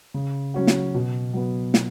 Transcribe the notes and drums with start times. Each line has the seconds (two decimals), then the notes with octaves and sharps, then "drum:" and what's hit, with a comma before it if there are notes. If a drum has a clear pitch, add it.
0.14 C#3
0.54 F#3 C#4 F#4
0.67 drum: snare
0.94 B2
1.34 F#3 B3
1.74 drum: snare